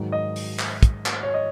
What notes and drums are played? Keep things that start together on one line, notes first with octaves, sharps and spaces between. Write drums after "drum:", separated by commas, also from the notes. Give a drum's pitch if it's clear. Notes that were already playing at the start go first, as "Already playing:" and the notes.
Already playing: G#2 D#3 F#3
D#5
drum: open hi-hat
drum: clap
drum: kick, hi-hat
drum: clap
C#5
D#5